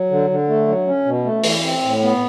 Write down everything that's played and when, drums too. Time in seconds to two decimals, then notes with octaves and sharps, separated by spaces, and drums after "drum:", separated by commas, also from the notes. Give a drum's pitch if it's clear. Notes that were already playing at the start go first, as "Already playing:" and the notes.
Already playing: F#3
0.10 D3
0.30 D3
0.48 A3
0.68 F#3
0.87 C#4
1.06 B2
1.25 A3
1.44 E3, drum: open hi-hat
1.63 C4
1.83 A2
2.02 B3